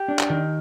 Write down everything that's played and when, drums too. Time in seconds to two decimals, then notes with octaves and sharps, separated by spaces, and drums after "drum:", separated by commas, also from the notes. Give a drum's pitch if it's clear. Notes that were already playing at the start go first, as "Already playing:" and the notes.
Already playing: G4
0.08 D4
0.19 drum: clap
0.30 D#3